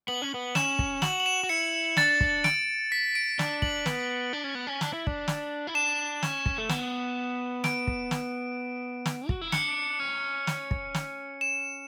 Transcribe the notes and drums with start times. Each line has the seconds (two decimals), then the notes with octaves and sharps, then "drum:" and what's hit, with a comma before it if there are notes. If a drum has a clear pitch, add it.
0.08 B3 F#7
0.22 C#4
0.34 B3
0.55 C#4 E7, drum: snare
0.79 drum: kick
1.02 F#4 F#7, drum: snare
1.20 F#7
1.26 E7
1.43 F#4
1.49 E4 C#7
1.97 D4 A6, drum: snare
2.21 drum: kick
2.44 D7, drum: snare
2.92 B6
3.15 D7
3.39 D4, drum: snare
3.62 F#7, drum: kick
3.86 B3, drum: snare
4.33 D4
4.44 C#4
4.55 B3
4.67 C#4
4.81 D4, drum: snare
4.93 E4
5.07 D4, drum: kick
5.28 drum: snare
5.67 E4
5.74 D4 E7
6.23 C#4, drum: snare
6.46 drum: kick
6.58 A3
6.69 B3, drum: snare
7.64 D7, drum: snare
7.87 drum: kick
8.11 drum: snare
9.06 drum: snare
9.29 F#4, drum: kick
9.41 E4
9.52 D4 C#7, drum: snare
10.00 C#4
10.47 drum: snare
10.71 drum: kick
10.94 drum: snare
11.41 E7